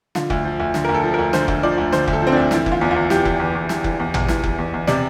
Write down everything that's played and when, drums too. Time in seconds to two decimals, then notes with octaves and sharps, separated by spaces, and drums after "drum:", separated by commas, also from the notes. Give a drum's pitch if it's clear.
0.15 D3 F4, drum: snare
0.30 D2, drum: kick F1
0.44 F3
0.60 D2
0.74 D3, drum: snare
0.85 D2 A#4
0.94 A4
1.03 F3
1.14 A#4
1.19 D2
1.33 D3 C5, drum: snare
1.48 D2, drum: kick F1
1.63 F3 D5
1.78 D2
1.93 D3 C5, drum: snare
2.08 D2, drum: kick F1
2.13 A4
2.22 F3 C4
2.32 D4
2.36 D2
2.51 E3 E4, drum: snare
2.66 E3, drum: kick F1
2.72 F4
2.81 E2
2.91 F4
2.96 E2
3.10 E3 G4, drum: snare
3.25 E3, drum: kick F1
3.40 E2
3.55 E2
3.69 E3, drum: snare
3.84 E3, drum: kick F1
4.00 E2
4.14 E2, drum: tom
4.29 E3, drum: snare
4.44 E3, drum: kick F1
4.58 E2
4.74 E2
4.87 C3 D5, drum: snare